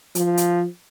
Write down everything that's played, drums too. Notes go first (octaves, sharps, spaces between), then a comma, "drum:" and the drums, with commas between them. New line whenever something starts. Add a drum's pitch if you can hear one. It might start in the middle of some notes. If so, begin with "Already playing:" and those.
F3, drum: hi-hat
drum: hi-hat